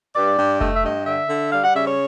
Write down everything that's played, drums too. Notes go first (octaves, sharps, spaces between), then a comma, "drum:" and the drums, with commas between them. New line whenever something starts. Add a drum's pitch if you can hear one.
G2 D5
G2
A3 D#5, drum: kick F1
E5
G2 D#5
D3 E5
D3
G3 F5
F#5
C#3 E5
C#5